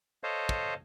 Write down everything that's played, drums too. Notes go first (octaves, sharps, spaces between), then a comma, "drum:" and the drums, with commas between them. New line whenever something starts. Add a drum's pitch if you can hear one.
A4 C5 C#5 D#5 F5
drum: kick